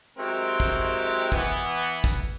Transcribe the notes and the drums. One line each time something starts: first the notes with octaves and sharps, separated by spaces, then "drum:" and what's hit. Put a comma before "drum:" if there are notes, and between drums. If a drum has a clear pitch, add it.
F#3 G#3 C4 E4 G4 A#4
drum: kick
E3 B3, drum: kick
drum: kick